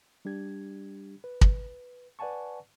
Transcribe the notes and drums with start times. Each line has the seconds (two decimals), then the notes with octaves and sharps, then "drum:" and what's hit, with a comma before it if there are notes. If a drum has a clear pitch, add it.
0.25 G3 D4 G4 G#6
1.24 B4
1.41 drum: kick
2.19 B4 D5 F#5 G#5 A5 C#6